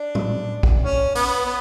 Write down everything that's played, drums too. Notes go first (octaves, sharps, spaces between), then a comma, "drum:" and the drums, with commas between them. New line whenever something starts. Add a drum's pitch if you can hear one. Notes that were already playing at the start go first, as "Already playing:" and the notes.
Already playing: D4
drum: tom A2
drum: kick
C#4
B3, drum: open hi-hat
B3